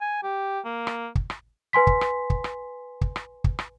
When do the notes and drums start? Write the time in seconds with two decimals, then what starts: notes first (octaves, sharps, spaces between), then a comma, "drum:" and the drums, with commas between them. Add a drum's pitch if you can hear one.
0.01 G#5
0.23 G4
0.65 A#3
0.87 drum: rim click
1.15 drum: kick
1.30 drum: rim click
1.73 B4 G#5 C6 B6
1.87 drum: kick
2.01 drum: rim click
2.30 drum: kick
2.44 drum: rim click
3.01 drum: kick
3.16 drum: rim click
3.44 drum: kick
3.59 drum: rim click